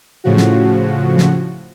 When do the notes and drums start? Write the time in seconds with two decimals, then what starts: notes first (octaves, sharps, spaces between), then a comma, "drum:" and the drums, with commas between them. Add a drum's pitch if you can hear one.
0.24 A2 C#3 F3 F#4
0.37 drum: snare
1.18 drum: snare